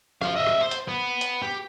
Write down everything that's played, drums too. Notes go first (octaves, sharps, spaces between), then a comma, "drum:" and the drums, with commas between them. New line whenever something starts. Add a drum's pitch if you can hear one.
C5 F5, drum: rim click
D#5 E5
drum: rim click
C5
drum: hi-hat
B3
drum: hi-hat
G4